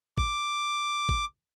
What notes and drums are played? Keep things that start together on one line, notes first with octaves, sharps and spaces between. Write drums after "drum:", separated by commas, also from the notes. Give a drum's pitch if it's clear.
D6, drum: kick
drum: kick